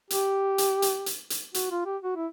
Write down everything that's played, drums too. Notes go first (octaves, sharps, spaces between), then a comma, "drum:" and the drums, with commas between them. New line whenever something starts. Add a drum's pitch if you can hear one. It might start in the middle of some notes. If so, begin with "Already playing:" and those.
G4, drum: hi-hat
drum: hi-hat
drum: hi-hat
drum: hi-hat
drum: hi-hat
F#4, drum: hi-hat
F4
G4
F#4
E4